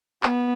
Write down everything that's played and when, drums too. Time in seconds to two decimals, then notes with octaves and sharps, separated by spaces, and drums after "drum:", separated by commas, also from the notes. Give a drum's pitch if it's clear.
0.23 B3, drum: clap